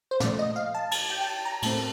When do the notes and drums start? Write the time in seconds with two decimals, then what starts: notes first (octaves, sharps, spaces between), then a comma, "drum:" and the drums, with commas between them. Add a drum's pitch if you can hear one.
0.11 C5
0.20 A#2 F3 A3 D5, drum: snare
0.39 D#5
0.56 F5
0.75 A5
0.91 A5, drum: cymbal
1.10 G5
1.21 G5
1.27 A5
1.45 A#5
1.62 A2 A3 C4 A5, drum: cymbal